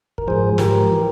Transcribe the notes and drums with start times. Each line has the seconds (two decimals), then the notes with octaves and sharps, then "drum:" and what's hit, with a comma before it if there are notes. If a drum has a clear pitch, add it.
0.18 A#4, drum: kick
0.27 G#2 F3 G#4 C5
0.58 G#2 F3 G4 A#4, drum: snare
0.92 E3